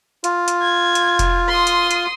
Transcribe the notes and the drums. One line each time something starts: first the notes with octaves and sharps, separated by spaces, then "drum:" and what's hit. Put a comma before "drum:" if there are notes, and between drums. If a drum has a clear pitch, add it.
F4, drum: hi-hat
drum: hi-hat
G#6
drum: hi-hat
drum: kick F1, hi-hat
C6 D#6
drum: hi-hat
drum: hi-hat